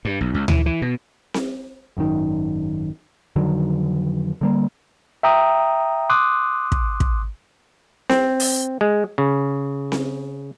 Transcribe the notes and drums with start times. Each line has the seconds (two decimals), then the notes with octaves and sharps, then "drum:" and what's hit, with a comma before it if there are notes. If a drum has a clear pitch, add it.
0.05 G2
0.21 B1
0.34 C#2
0.48 E3, drum: tom D2
0.66 E3
0.82 B2
1.34 drum: snare C4
1.97 G#1 F#2 A2 D#3
3.36 F2 D3 D#3 F#3
4.41 D3 G3 A#3
5.23 E5 G5 A#5 D#6
6.10 C6 D6 D#6 F#6
6.72 drum: kick
7.00 drum: kick
8.10 C4, drum: snare C4
8.40 drum: open hi-hat
8.81 G#3
9.18 C#3
9.92 drum: snare C4